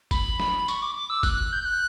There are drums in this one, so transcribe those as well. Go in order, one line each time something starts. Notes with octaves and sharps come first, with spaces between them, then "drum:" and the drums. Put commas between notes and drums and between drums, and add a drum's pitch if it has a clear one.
B5, drum: kick, tambourine
drum: snare
C#6, drum: tambourine
D6
D6
E6
F#6, drum: kick, tambourine
G6
F#6